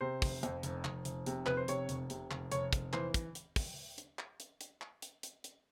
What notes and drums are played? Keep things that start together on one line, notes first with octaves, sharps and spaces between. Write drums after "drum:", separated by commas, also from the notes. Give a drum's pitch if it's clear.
C3 C5
F1, drum: kick, open hi-hat
F2, drum: hi-hat
F1, drum: hi-hat
F1, drum: clap
F1, drum: hi-hat
C3, drum: hi-hat
F1 B4, drum: clap
C5
C3 C#5, drum: hi-hat
F1, drum: hi-hat
C3, drum: hi-hat
F1, drum: clap
F1 C#5, drum: hi-hat
F1, drum: kick, hi-hat
E3 C5, drum: clap
drum: kick, hi-hat
drum: hi-hat
drum: kick, open hi-hat
drum: hi-hat
drum: clap
drum: hi-hat
drum: hi-hat
drum: clap
drum: hi-hat
drum: hi-hat
drum: hi-hat